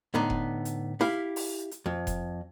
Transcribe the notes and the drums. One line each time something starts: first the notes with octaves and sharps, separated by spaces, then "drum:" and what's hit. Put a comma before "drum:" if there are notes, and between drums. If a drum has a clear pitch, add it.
A2 D3 B3 D#4
drum: kick F1
drum: hi-hat
E4 G4 F5, drum: snare D#4
drum: open hi-hat
drum: hi-hat
F2
drum: kick F1, hi-hat